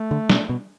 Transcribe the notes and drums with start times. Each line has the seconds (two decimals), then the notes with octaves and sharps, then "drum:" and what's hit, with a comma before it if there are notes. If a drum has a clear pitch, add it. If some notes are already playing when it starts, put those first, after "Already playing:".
Already playing: A3
0.11 D3
0.30 B2, drum: snare
0.49 B2